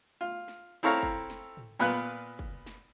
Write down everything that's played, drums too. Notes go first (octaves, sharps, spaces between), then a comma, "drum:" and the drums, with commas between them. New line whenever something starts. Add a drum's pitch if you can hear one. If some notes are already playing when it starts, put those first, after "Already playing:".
F4
drum: snare
C4 E4 A4 C#5 F5 A#5
drum: kick
drum: snare
drum: tom
A#2 B3 F4 B4 F#6
drum: kick
drum: snare